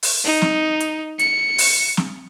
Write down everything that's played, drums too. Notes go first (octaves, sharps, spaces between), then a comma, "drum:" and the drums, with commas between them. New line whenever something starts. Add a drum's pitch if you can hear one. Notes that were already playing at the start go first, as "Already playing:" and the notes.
drum: open hi-hat
D#4
drum: snare
drum: hi-hat
C#7, drum: hi-hat
drum: open hi-hat
drum: snare